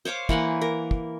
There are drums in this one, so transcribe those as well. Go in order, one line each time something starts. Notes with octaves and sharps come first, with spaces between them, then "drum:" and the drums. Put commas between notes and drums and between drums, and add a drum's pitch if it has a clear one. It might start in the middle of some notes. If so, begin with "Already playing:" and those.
C5 C#5 F5 D6
E3 A#3 F#5 G#5, drum: kick
A#4
drum: kick